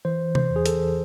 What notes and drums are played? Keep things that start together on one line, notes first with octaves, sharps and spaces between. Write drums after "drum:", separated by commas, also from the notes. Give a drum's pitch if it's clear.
E3 C5
C5, drum: tom C3
E2
G#4
A4, drum: hi-hat